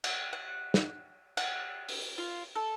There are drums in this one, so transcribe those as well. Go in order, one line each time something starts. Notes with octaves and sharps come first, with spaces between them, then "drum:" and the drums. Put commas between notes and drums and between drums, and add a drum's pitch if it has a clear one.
F#5, drum: cymbal
F#5
drum: snare
F#5, drum: cymbal
drum: open hi-hat
F4
A4